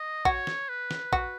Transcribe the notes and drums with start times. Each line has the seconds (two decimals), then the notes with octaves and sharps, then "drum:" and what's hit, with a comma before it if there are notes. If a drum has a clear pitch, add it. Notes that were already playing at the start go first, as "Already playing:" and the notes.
Already playing: D#5
0.25 F#4 C#5, drum: kick
0.47 drum: snare
0.69 B4
0.91 drum: snare
1.13 F#4, drum: kick